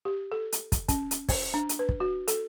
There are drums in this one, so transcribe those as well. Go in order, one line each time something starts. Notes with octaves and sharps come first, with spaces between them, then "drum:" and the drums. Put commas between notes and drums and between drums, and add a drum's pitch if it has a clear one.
G4
A4
drum: hi-hat
drum: kick, hi-hat
C#4, drum: kick, hi-hat
drum: hi-hat
C5, drum: kick, open hi-hat
D4
drum: hi-hat
B4
drum: kick
F#4
A4, drum: hi-hat